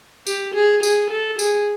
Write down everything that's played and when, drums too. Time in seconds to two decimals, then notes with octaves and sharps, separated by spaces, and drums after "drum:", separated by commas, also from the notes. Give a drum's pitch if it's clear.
0.27 G4, drum: tambourine
0.54 G#4
0.83 G#4, drum: tambourine
1.11 A4
1.39 G#4, drum: tambourine